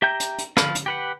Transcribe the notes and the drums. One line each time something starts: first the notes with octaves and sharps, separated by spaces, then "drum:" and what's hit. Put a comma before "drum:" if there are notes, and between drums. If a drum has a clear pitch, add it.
G4 E5 G5 A#5 G6
drum: hi-hat
drum: hi-hat
F3 F5 B5 F6, drum: rim click
drum: hi-hat
G4 B4 F#5